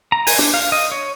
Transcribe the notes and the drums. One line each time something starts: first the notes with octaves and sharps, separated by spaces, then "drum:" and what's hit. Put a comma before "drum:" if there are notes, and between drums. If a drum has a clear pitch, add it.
A#5
G#5, drum: open hi-hat
D4, drum: snare
F5
D#5
C#5